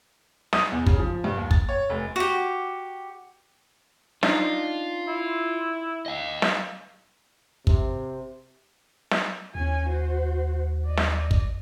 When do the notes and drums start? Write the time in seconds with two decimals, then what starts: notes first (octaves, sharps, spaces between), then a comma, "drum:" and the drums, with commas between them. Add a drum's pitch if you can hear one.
0.53 D#6, drum: snare
0.72 E2
0.86 C#3, drum: kick
0.99 F3
1.24 G2
1.37 D#2
1.51 A6, drum: kick
1.69 C#5
1.89 F1
2.16 F#4 G4
4.23 D4 D#4 F4, drum: snare
5.08 E4
6.06 D#5 F5
6.42 drum: snare
7.67 C3, drum: kick
9.11 drum: snare
9.55 D#2 C#4 G#5
9.89 F#4 C5
10.87 D5 D#5
10.97 drum: snare
11.31 drum: kick